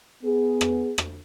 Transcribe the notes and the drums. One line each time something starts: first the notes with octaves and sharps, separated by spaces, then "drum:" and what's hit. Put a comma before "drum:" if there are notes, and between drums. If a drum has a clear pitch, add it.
B3 G#4
drum: rim click
drum: rim click